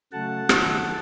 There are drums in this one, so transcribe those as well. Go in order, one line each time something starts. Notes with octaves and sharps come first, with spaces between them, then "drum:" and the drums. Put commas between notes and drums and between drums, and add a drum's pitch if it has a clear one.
C#3 F#3 A3 F#5 A5
D#3 F#3 A3, drum: rim click